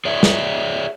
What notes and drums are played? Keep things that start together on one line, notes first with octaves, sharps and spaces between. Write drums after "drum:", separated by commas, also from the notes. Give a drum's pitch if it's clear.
G#4 C#5 D5 E5
drum: snare